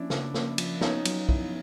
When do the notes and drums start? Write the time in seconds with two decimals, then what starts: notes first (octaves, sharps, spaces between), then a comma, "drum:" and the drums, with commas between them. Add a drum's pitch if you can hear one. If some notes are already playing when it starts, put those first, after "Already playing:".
Already playing: F3 A#3 C#4 D4 E4
0.10 C#3, drum: snare
0.34 A#3, drum: snare
0.58 F3, drum: cymbal
0.81 B3 C#4 D#4, drum: snare
1.05 F#3, drum: cymbal
1.29 E4, drum: kick